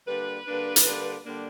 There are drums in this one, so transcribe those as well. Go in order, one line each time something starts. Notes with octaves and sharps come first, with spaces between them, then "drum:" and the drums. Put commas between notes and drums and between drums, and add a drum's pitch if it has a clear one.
D3 G3 A#3 D4 B4
D3 G3 A#3 D4
drum: hi-hat
D3 G3 A#3 D4
D3 G3 A#3 D4